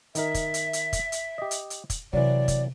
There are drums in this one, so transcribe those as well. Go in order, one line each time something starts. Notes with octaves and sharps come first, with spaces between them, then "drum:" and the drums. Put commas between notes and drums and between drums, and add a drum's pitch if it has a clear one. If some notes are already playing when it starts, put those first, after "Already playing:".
D#3 D#4 A#4 E5, drum: hi-hat
drum: kick, hi-hat
drum: hi-hat
drum: hi-hat
drum: kick, hi-hat
drum: hi-hat
G4 D#5
drum: hi-hat
drum: hi-hat
drum: kick, hi-hat
C3 E3 F#3 D5
drum: kick, hi-hat